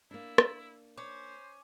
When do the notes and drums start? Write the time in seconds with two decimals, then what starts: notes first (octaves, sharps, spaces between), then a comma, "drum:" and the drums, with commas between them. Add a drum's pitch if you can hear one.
0.11 A#3 D4 E4
0.38 drum: rim click
0.98 C#4 C5 D6